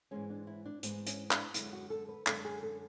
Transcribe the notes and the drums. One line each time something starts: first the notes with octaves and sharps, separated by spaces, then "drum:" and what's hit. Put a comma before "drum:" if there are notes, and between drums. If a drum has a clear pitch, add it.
G#2 E3 G#3 C#4
D4
E4
D4
G#2 E3 G#3 B3, drum: hi-hat
C#4, drum: hi-hat
D4, drum: clap
F#2 D3 G#3 E4, drum: hi-hat
F#4
A4
B4
F#2 D3 G#3 A4, drum: clap
G#4
A4